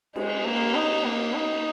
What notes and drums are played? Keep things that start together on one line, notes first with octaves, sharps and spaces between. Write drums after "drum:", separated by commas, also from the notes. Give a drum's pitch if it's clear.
G#3, drum: cymbal
A#3
D#4
A#3
D#4